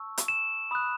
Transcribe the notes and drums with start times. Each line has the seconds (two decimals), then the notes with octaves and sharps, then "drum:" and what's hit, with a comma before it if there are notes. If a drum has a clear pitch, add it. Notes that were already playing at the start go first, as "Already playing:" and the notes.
Already playing: A5 C#6 E6
0.18 drum: hi-hat
0.28 E7
0.71 B5 D#6 F#6